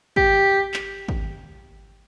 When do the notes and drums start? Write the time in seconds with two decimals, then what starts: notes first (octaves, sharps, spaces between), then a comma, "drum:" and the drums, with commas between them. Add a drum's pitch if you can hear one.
0.16 G4, drum: kick
0.74 drum: clap
1.08 drum: kick